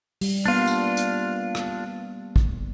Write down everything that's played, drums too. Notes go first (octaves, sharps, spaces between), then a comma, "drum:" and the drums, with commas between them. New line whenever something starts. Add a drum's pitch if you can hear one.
G3, drum: open hi-hat
A#3 B3 D4 F4 F5
drum: tambourine
drum: hi-hat
drum: rim click
drum: kick